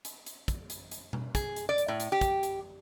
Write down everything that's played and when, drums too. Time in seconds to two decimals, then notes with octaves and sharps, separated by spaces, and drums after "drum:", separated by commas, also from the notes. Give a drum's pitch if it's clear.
0.05 drum: hi-hat
0.26 drum: hi-hat
0.48 drum: kick, hi-hat
0.70 drum: hi-hat
0.91 drum: hi-hat
1.13 drum: tom B2
1.35 G#4, drum: kick, hi-hat
1.56 drum: hi-hat
1.69 D5
1.78 drum: hi-hat
1.88 A2
2.00 drum: hi-hat
2.12 G4
2.21 drum: kick, hi-hat
2.43 drum: hi-hat